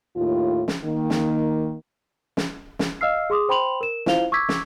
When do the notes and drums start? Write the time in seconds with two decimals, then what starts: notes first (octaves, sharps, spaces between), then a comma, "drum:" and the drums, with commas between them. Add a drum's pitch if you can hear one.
0.16 D#2 A2 F4
0.68 drum: snare
0.84 D#3 A#3
1.10 drum: snare
2.37 drum: snare
2.79 drum: snare
3.01 D#5 F5 E6 F6 C7
3.30 G#4 C6 D6 D#6
3.49 C5 G5 B5 C6 F7 F#7
3.81 A#4 E7
4.06 E4 F4 C5 F5 F7 G7, drum: snare
4.32 C#6 D6 E6 G#6 B6
4.49 drum: snare